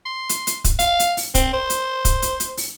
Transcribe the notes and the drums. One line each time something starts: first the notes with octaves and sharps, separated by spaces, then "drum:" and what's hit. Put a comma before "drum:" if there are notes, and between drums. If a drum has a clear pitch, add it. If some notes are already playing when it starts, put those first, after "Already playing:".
C6
drum: hi-hat
drum: hi-hat
drum: kick, hi-hat
F5, drum: hi-hat
drum: hi-hat
drum: open hi-hat
C4, drum: kick, hi-hat
C5
drum: hi-hat
drum: kick, hi-hat
drum: hi-hat
drum: hi-hat
drum: open hi-hat